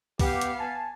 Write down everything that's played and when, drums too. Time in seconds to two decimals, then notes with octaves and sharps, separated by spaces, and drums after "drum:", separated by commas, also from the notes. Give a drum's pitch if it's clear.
0.20 B3 G4 F5, drum: kick, open hi-hat
0.41 drum: hi-hat
0.60 G#5 A5